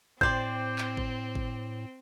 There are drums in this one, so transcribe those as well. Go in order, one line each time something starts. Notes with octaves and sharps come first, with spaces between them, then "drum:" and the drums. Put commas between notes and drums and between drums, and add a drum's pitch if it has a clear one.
A2 C4 C5 D5 G5 G6, drum: kick G1
drum: clap
drum: kick G1
drum: kick G1